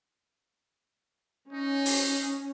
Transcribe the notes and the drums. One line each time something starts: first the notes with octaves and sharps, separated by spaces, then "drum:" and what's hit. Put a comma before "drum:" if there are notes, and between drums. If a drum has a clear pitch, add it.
C#4 D#4
drum: open hi-hat